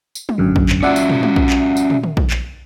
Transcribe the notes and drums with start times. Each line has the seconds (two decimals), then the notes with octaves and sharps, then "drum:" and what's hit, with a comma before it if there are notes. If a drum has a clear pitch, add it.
0.15 drum: tambourine
0.29 drum: tom
0.38 G#1 F#2 D3
0.56 drum: kick A#1
0.69 drum: clap
0.83 C#4 F4 F#4 D5 E5 F#5
0.96 drum: tambourine
1.09 drum: tom
1.23 drum: tom
1.36 drum: kick A#1
1.50 drum: clap
1.77 drum: tambourine
1.90 drum: tom
2.04 drum: tom
2.17 drum: kick A#1
2.30 drum: clap